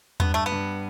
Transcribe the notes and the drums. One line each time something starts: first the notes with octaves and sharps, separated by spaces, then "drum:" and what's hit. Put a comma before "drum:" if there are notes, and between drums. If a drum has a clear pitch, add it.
G2 B3, drum: tom E2
A3
B3
G2